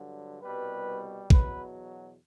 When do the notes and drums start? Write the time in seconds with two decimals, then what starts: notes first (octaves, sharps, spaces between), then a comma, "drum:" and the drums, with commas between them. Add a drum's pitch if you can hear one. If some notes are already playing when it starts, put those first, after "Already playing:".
Already playing: G2 D3 F#3
0.42 C2 B2 G3 B4
1.30 E2 B2 F#3 B4, drum: kick